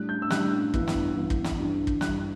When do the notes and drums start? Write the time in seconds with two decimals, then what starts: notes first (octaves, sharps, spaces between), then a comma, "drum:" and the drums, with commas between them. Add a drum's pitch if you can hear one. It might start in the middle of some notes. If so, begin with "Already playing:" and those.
Already playing: A2 G3 D4 F#6
0.09 G6
0.22 E6
0.30 A2 G3 D4 F#6, drum: snare
0.74 G2 E3 B3 E4, drum: kick
0.88 drum: snare
1.16 G2 E3 B3 E4
1.30 drum: kick
1.44 drum: snare
1.58 G2 E3 G3 D4
1.87 drum: kick
2.01 G2 E3 G3 D4 F#6, drum: snare